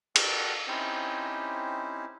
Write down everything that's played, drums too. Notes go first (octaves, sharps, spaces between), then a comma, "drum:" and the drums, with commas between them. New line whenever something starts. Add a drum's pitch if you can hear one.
F#4 A4 A#4 D5 F#5 G5, drum: cymbal
C4 C#4 D#4 E4 G4 C5